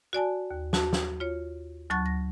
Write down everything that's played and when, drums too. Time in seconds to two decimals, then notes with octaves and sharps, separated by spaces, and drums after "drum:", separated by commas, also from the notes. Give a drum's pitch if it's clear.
0.13 F#4 D5 G#5 A5
0.51 D#2
0.73 F#4 A5, drum: snare
0.93 drum: snare
1.20 F4 C#5
1.90 D2 F#3 A5 C#6 F#6 A6
2.06 A#6